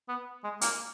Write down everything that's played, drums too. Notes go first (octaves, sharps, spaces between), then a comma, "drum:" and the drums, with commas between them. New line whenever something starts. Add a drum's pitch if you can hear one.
B3
G#3
A#3, drum: hi-hat